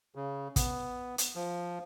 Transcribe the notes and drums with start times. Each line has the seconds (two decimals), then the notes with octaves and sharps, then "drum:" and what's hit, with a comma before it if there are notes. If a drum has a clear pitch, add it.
0.15 C#3
0.56 B3, drum: kick, hi-hat
1.18 drum: hi-hat
1.35 F3